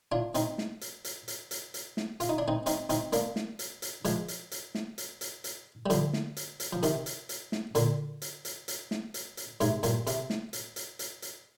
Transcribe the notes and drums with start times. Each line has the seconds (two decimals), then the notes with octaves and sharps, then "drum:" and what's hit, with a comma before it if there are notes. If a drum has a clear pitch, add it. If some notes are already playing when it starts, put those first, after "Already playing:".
0.12 D4 F4
0.35 C4 D#4, drum: hi-hat
0.58 drum: snare
0.81 drum: hi-hat
1.05 drum: hi-hat
1.28 drum: hi-hat
1.51 drum: hi-hat
1.74 drum: hi-hat
1.97 drum: snare
2.20 F4, drum: hi-hat
2.29 D#4
2.38 D4
2.48 C4 D#4
2.66 C4 D#4, drum: hi-hat
2.90 C4 D#4, drum: hi-hat
3.13 A#3 D4, drum: hi-hat
3.36 drum: snare
3.59 drum: hi-hat
3.82 drum: hi-hat
4.05 F3 G#3, drum: hi-hat
4.28 drum: hi-hat
4.51 drum: hi-hat
4.75 drum: snare
4.98 drum: hi-hat
5.21 drum: hi-hat
5.44 drum: hi-hat
5.86 G3
5.90 D3 F3, drum: hi-hat
6.13 drum: snare
6.37 drum: hi-hat
6.60 drum: hi-hat
6.73 F3
6.83 C3 D#3, drum: hi-hat
7.06 drum: hi-hat
7.29 drum: hi-hat
7.52 drum: snare
7.75 A#2 D3, drum: hi-hat
8.22 drum: hi-hat
8.45 drum: hi-hat
8.68 drum: hi-hat
8.91 drum: snare
9.14 drum: hi-hat
9.37 drum: hi-hat
9.61 G#2 C3, drum: hi-hat
9.83 G2 A#2, drum: hi-hat
10.07 C3, drum: hi-hat
10.30 drum: snare
10.53 drum: hi-hat
10.76 drum: hi-hat
10.99 drum: hi-hat
11.22 drum: hi-hat